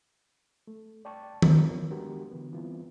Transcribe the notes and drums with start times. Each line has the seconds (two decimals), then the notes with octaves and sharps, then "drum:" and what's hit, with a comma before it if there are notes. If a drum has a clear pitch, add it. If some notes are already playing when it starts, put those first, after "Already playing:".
0.67 A3
1.05 D5 G5 A5 C#6
1.42 F4 A#4 B4 C#5, drum: tom D#3
1.90 G#3 B3 D4 F#4 G4 A#4
2.31 D3 E3 B3
2.52 E3 G3 B3 C4 E4 F4